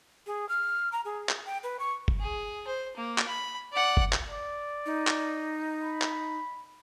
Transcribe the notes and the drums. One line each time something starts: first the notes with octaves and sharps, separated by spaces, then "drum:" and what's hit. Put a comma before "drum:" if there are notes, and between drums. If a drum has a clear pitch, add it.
G#4
F6
A#5
G#4
drum: clap
G5
B4
C#6
drum: kick G1
G#4
C5
A#3
drum: clap
B5
D5 F#5
drum: kick G1
drum: clap
D5
D#4
drum: clap
B5
drum: clap